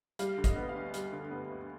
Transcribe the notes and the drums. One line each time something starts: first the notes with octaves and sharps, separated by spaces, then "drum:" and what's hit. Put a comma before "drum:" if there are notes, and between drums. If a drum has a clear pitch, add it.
G3 F5, drum: hi-hat
D3
D#5, drum: kick, hi-hat
B3
F5
D2
G3, drum: hi-hat
D3
B3
D2